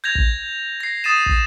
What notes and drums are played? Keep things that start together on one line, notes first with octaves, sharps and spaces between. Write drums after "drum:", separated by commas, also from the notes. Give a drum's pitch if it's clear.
G6 G#6 A#6 F7
drum: kick
A#6 C7
D#6 A6 C7 D#7 E7
drum: kick